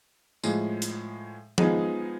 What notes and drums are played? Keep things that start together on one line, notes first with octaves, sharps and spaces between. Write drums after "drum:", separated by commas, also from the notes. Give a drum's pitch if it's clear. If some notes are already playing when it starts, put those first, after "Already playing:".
A2 F3 G#3, drum: tambourine
drum: hi-hat
F3 G#3 B3 D#4 G#4, drum: tom F3